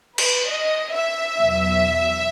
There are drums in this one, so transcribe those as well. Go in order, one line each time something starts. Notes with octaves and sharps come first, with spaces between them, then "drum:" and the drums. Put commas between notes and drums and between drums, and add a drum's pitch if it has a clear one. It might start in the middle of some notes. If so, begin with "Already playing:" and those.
B4, drum: cymbal
D#5
E5
E2 B2 F#3